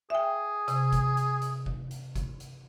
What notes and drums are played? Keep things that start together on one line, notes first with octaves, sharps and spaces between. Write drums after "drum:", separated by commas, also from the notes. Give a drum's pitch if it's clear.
G#4 E5 G5
C3, drum: hi-hat
drum: kick F1, hi-hat
drum: hi-hat
drum: hi-hat
drum: kick F1
drum: hi-hat
drum: kick F1, hi-hat
drum: hi-hat